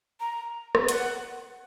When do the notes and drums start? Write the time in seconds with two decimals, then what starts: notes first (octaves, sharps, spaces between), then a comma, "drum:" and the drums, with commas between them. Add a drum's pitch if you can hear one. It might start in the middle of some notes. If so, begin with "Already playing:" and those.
0.20 A#5
0.75 drum: rim click
0.88 F#5, drum: hi-hat